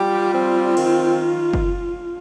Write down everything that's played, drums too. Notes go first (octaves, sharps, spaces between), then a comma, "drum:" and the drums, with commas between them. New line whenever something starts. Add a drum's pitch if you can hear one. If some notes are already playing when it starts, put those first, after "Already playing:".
Already playing: G3 F4 G4
C4
D#3, drum: cymbal
drum: kick F#1